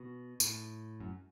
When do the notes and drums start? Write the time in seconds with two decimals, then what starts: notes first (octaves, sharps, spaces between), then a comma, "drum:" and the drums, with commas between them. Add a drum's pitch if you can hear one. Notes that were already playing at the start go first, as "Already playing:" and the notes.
Already playing: B2
0.40 A2, drum: tambourine
1.00 F#2